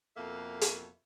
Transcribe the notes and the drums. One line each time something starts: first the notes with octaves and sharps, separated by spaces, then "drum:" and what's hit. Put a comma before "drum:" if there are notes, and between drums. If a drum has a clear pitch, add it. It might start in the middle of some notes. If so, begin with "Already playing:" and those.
F2 B2 A#3 A4 E5
drum: hi-hat